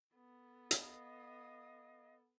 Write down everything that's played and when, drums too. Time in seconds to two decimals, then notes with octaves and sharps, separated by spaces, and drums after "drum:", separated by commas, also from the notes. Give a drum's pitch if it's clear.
0.15 B3 A4
0.71 D#5 F5 D#6, drum: hi-hat